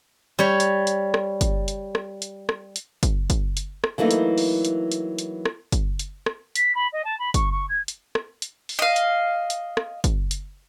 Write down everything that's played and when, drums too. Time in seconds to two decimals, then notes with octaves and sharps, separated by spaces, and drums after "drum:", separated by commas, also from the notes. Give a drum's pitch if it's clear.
0.39 G3 C#5
0.60 drum: hi-hat
0.87 drum: hi-hat
1.14 drum: rim click
1.41 drum: kick, hi-hat
1.68 drum: hi-hat
1.95 drum: rim click
2.22 drum: hi-hat
2.49 drum: rim click
2.76 drum: hi-hat
3.03 drum: kick, hi-hat
3.30 drum: kick, hi-hat
3.57 drum: hi-hat
3.84 drum: rim click
3.98 E3 F#3 A3 A#3 D#4
4.11 drum: hi-hat
4.38 drum: open hi-hat
4.65 drum: hi-hat
4.92 drum: hi-hat
5.18 drum: hi-hat
5.45 drum: rim click
5.72 drum: kick, hi-hat
5.99 drum: hi-hat
6.26 drum: rim click
6.56 B6, drum: hi-hat
6.75 B5
6.92 D#5
7.04 A5
7.19 B5
7.34 C#6, drum: kick, hi-hat
7.51 C#6
7.69 G#6
7.88 drum: hi-hat
8.15 drum: rim click
8.42 drum: hi-hat
8.69 drum: open hi-hat
8.79 D#5 F5
8.96 drum: hi-hat
9.50 drum: hi-hat
9.77 drum: rim click
10.04 drum: kick, hi-hat
10.31 drum: hi-hat